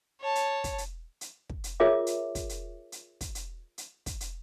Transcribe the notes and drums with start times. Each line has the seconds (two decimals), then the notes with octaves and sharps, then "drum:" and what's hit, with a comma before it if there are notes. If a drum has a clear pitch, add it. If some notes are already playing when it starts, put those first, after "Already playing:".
0.21 C#5 A5
0.35 drum: hi-hat
0.64 drum: kick, hi-hat
0.78 drum: hi-hat
1.21 drum: hi-hat
1.49 drum: kick
1.64 drum: hi-hat
1.80 F4 G#4 A#4 C#5 E5 D6
2.07 drum: hi-hat
2.35 drum: kick, hi-hat
2.49 drum: hi-hat
2.92 drum: hi-hat
3.21 drum: kick, hi-hat
3.35 drum: hi-hat
3.78 drum: hi-hat
4.06 drum: kick, hi-hat
4.20 drum: hi-hat